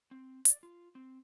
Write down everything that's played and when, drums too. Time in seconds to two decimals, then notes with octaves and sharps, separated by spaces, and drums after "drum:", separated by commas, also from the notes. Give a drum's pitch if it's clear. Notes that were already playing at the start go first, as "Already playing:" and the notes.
0.11 C4
0.45 D5, drum: hi-hat
0.63 F4
0.95 C4